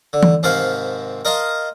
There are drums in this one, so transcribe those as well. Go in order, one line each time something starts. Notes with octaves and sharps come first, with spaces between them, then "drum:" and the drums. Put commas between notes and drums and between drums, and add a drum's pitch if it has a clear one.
D3
drum: tom E3
G#2 C3 D#3 C5 F5 A5
A#4 D#5 F5 A5 C6